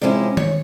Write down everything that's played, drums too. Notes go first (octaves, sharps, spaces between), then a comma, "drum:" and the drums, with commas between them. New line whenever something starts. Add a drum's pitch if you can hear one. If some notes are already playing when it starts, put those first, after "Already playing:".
C3 F3 G#3 C#4 E4 D5
C#5, drum: tom D#3